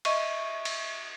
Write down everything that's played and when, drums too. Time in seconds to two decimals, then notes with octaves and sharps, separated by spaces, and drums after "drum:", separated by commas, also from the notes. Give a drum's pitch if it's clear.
0.05 D#5 E5 C#6 D#7, drum: cymbal
0.65 drum: cymbal